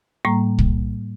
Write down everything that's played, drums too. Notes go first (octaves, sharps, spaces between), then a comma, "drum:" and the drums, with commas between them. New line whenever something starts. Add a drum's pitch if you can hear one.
A2 G3 A#3 A#5
drum: kick